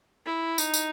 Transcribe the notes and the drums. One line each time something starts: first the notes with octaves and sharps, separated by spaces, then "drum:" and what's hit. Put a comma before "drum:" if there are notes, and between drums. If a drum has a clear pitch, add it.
E4
D#4, drum: tambourine
drum: tambourine